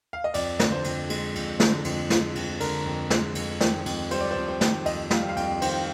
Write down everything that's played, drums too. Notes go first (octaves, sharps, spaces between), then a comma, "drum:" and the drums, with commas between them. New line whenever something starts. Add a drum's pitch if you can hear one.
F5
D#5
F2 D5, drum: cymbal
D3, drum: snare
C5
F2, drum: cymbal
G#3, drum: cymbal
F2, drum: cymbal
D3, drum: snare
F2, drum: cymbal
G#3, drum: snare
F2, drum: cymbal
D3 A#4, drum: cymbal
F2
G#3, drum: snare
F2, drum: cymbal
D#3, drum: snare
F2, drum: cymbal
G3 C5, drum: cymbal
D5
F2 C5
C5
D#3, drum: snare
F2 D#5, drum: cymbal
G3 F5, drum: snare
F5
F2 G5, drum: cymbal
D#3 C5, drum: cymbal